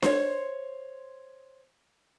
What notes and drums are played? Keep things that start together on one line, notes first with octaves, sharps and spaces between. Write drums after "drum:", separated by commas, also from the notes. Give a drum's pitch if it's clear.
C5 C#5, drum: snare D4